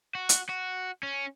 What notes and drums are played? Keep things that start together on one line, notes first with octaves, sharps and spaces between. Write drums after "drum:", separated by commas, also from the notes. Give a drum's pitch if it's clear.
F#4
drum: hi-hat
F#4
C#4